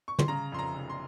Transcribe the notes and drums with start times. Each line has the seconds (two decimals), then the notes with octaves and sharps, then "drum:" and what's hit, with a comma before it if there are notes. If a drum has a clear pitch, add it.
0.08 C#6
0.19 C6, drum: tom
0.28 C#3 A#5
0.52 F2 C6
0.59 A#5
0.74 F1
0.90 C6